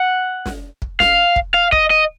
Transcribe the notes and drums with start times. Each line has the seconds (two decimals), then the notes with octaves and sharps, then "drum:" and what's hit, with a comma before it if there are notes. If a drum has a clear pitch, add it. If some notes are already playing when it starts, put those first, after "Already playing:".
Already playing: F#5
0.46 drum: snare
0.82 drum: kick
1.00 F5, drum: snare
1.36 drum: kick
1.54 F5
1.72 D#5, drum: kick
1.90 D#5